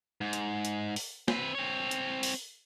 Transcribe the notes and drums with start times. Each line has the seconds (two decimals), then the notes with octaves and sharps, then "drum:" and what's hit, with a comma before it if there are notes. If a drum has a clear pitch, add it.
0.21 G#2
0.33 drum: hi-hat
0.65 drum: hi-hat
0.96 drum: open hi-hat
1.28 C4 B4, drum: snare
1.55 C4 C#5
1.91 drum: hi-hat
2.23 drum: open hi-hat